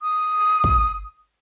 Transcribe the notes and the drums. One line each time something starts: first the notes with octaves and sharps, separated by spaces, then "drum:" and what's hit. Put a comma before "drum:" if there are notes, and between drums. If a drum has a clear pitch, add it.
D#6
drum: kick